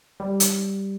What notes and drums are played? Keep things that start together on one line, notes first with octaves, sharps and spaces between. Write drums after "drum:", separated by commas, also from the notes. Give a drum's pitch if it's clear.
G3
drum: hi-hat